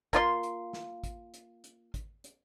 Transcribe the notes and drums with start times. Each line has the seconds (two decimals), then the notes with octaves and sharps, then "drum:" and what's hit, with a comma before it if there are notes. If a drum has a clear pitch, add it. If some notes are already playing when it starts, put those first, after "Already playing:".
0.13 A#3 F4 D5 C6, drum: kick, hi-hat
0.43 drum: hi-hat
0.73 drum: snare
1.04 drum: kick, hi-hat
1.34 drum: hi-hat
1.64 drum: hi-hat
1.94 drum: kick, hi-hat
2.24 drum: hi-hat